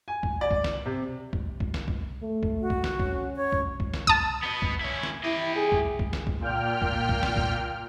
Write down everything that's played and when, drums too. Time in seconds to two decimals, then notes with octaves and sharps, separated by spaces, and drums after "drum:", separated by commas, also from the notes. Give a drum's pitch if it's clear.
0.08 G#5
0.23 drum: kick C2
0.41 D5
0.51 drum: kick C2
0.64 drum: snare
0.86 C3
1.33 drum: kick C2
1.60 drum: kick C2
1.74 drum: snare
1.88 drum: kick C2
2.22 A3
2.43 drum: kick C2
2.61 F#4
2.70 drum: kick C2
2.84 drum: snare
3.00 C#4, drum: kick C2
3.36 C#5
3.52 drum: kick C2
3.80 drum: kick C2
3.94 drum: snare
4.07 A5 D#6, drum: kick C2
4.43 B3 D#5
4.62 drum: kick C2
4.81 C#4 E4
5.03 drum: snare
5.24 E4 G4 D#5
5.56 G#4
5.72 drum: kick C2
5.99 drum: kick C2
6.13 drum: snare
6.27 drum: kick C2
6.40 A#2 G5 F6
6.82 drum: kick C2
7.09 drum: kick C2
7.23 drum: snare
7.37 drum: kick C2